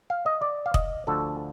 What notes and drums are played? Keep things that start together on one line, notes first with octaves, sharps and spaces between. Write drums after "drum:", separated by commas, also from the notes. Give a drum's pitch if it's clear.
F5
D#5
D5
F5
D#5, drum: kick
D2 D3 F3 A4